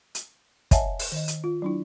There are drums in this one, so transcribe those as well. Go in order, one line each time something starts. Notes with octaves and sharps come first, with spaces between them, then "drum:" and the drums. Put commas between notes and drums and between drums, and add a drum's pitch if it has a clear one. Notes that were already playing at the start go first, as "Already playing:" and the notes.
drum: hi-hat
C#5 D#5 E5 F#5 G#5 A5, drum: kick, hi-hat
drum: open hi-hat
D#3 D#5
drum: hi-hat
F4
F#3 D4 E4